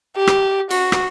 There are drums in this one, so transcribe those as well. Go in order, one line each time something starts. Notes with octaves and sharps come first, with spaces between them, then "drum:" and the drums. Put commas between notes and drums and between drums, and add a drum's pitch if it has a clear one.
G4
drum: rim click
F#4, drum: cymbal
drum: rim click